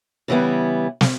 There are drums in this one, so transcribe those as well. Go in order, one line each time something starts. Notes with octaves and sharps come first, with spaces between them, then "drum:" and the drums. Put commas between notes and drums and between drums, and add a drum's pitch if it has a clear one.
C#3 E3 G3 B3 E4
drum: snare